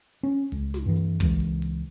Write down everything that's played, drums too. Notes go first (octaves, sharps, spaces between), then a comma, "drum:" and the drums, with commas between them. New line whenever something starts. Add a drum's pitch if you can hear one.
C#4
C#2, drum: open hi-hat
drum: snare
G2 E3
drum: hi-hat
C#2 E3, drum: kick, hi-hat
drum: open hi-hat
drum: open hi-hat